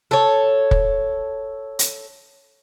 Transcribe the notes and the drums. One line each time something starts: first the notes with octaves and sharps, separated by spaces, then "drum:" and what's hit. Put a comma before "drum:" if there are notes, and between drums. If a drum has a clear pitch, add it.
A4 C#5
drum: kick
drum: hi-hat